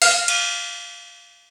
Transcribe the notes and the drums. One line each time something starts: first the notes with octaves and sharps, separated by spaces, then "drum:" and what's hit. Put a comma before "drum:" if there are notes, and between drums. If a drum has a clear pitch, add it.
F5 F6, drum: open hi-hat
drum: cymbal